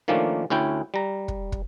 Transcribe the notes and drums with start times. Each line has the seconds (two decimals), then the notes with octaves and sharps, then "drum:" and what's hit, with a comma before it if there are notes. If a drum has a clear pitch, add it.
0.08 D#3 F3 A3 A#3 C#4 D4
0.50 D2 C#4 E4 G5
0.94 G3 A#5
1.28 drum: kick
1.52 drum: kick